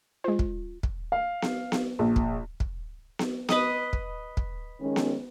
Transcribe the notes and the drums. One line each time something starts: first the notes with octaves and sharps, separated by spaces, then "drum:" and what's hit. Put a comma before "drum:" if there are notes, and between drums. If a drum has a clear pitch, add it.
G#3 F4 C5
drum: kick
drum: kick
F5
drum: snare B3
drum: snare B3
A#1
drum: kick
drum: kick
drum: snare B3
B4 D#5 D#6, drum: snare B3
drum: kick
drum: kick
D#3 G#3 C#4
drum: snare B3